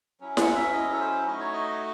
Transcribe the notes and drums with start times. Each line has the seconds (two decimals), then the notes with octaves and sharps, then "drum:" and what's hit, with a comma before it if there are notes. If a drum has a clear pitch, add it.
0.20 F#3 C#4 E4
0.37 F#5, drum: snare E4
0.55 E5
0.73 D#5
0.92 A4
1.00 C5
1.27 A3 D#4 F#4 D#5
1.40 C#5
1.53 D#5